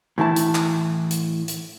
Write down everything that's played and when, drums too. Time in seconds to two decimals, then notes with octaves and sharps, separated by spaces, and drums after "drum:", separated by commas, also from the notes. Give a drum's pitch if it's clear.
0.18 A2 E3 E4 A5
0.36 drum: hi-hat
0.55 drum: clap
1.11 drum: hi-hat
1.48 drum: hi-hat